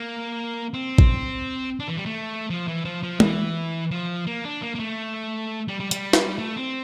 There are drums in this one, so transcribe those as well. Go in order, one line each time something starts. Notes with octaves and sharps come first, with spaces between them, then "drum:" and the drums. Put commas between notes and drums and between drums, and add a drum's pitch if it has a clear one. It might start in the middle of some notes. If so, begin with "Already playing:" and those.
Already playing: A#3
C4
drum: kick A1
D4
E3
G3
A3
F3
E3
F3
F3
E3, drum: tom G#3
F3
A#3
D4
A#3
A#3
A3
G3
G3
G3, drum: hi-hat
drum: snare
A3
C4